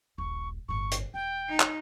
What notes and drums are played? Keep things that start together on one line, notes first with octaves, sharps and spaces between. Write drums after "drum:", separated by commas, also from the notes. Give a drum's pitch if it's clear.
D#1 A#1 C#6
G1 A2 C#6
drum: hi-hat
E1 G5
D#4
drum: clap